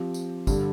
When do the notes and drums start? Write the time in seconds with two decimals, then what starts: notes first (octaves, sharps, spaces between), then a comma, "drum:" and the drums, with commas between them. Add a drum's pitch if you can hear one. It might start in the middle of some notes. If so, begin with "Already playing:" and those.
Already playing: F3 C4 G4
0.14 drum: tambourine
0.47 G2 D3 G3, drum: kick, tambourine